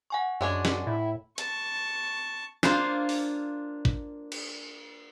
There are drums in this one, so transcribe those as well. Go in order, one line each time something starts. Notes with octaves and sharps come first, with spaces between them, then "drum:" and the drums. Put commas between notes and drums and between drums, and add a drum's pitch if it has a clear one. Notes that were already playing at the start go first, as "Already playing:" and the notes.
F#5 G#5 C#6
F#2 G#3 D4 C#5
drum: snare
A2 E4
A5 C#6, drum: hi-hat
A#3 D4 F4 C5 F5, drum: snare
drum: open hi-hat
drum: kick A1
drum: cymbal